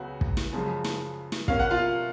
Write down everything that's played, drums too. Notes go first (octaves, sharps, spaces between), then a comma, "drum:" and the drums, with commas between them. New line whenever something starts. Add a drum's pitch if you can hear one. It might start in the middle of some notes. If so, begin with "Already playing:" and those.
Already playing: C#2 C#3 F#3 B3 F#4
drum: kick
drum: snare
F#2 C#3 F3 G#3
drum: snare
drum: snare
B2 A#3 C#4 F5, drum: kick
F#5
F4 F5